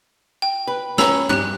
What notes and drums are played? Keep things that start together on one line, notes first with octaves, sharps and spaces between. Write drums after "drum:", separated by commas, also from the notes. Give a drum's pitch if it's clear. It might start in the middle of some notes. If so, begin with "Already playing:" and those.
G5
B4
C#4 C#5 A#5 B5 E6, drum: snare
G2 G4 F#6, drum: tom